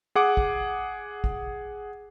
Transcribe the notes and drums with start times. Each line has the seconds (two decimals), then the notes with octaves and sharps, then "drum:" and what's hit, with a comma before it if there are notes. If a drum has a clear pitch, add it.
0.16 G#4 F#5 D6
0.37 drum: kick
1.24 drum: kick